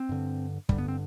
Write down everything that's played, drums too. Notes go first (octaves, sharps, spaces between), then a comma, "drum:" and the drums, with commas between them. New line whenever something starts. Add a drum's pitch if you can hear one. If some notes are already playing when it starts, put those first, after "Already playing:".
Already playing: C4
G2 D3
G2 D3 G3, drum: kick
B3
C4